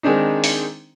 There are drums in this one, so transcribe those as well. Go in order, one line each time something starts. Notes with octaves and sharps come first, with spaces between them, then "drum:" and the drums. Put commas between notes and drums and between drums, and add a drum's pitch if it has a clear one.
D#3 G#3 C4 D4 D#4
drum: open hi-hat